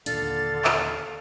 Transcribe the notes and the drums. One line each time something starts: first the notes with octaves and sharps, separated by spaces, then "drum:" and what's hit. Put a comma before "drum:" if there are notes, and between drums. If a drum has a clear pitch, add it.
D#2 A#2 D3 D4 A4 F5 A6, drum: hi-hat
drum: clap